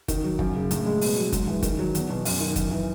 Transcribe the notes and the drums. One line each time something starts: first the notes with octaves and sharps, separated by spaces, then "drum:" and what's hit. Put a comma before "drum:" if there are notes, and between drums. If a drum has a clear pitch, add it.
D#3, drum: kick, hi-hat
F#3
F#2, drum: kick
C#3
A2, drum: hi-hat
G#3
B2, drum: open hi-hat
F#3
G#2, drum: kick, hi-hat
E3
D#3, drum: kick, hi-hat
F#3
E2, drum: hi-hat
B2
F#2, drum: open hi-hat
D#3
F#2, drum: kick, hi-hat
E3